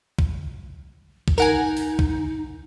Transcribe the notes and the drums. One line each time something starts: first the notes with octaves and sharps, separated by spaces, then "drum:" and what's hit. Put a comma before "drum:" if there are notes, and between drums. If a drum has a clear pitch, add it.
drum: kick
drum: kick
D#4 A#4 F#5 G#5
drum: open hi-hat
drum: kick